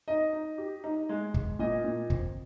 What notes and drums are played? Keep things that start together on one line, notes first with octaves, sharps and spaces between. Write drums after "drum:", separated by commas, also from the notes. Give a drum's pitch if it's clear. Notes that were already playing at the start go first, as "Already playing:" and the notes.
D#4 D#5
D#4
G4
D#4
G#3
G#3, drum: kick
A#2 D#5
A#2
C4, drum: kick